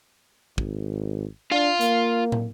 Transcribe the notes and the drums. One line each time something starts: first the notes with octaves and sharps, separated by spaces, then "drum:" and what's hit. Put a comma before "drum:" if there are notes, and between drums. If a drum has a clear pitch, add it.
G#1, drum: kick
D4 F4 F5
A#3, drum: hi-hat
drum: tom